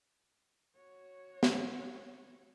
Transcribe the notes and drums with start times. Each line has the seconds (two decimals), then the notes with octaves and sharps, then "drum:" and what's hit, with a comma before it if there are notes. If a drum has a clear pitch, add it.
0.76 F#4 C#5
1.43 drum: snare